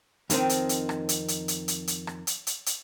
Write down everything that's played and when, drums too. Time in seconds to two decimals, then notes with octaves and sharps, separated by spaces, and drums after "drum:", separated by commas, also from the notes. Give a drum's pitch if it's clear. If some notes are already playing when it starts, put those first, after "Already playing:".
0.30 F2 D#3 G#3 C4 D#4, drum: hi-hat
0.49 drum: hi-hat
0.69 drum: hi-hat
0.89 drum: rim click
1.09 drum: hi-hat
1.28 drum: hi-hat
1.48 drum: hi-hat
1.68 drum: hi-hat
1.88 drum: hi-hat
2.07 drum: rim click
2.27 drum: hi-hat
2.47 drum: hi-hat
2.66 drum: hi-hat